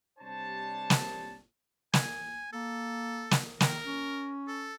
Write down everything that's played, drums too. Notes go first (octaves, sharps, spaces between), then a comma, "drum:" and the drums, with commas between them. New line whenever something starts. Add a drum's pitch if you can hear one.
C3 G3 D4 C5 C#5 A5
drum: snare
G#5, drum: snare
A#3 A4
drum: snare
D#3 A#4, drum: snare
C#4
A4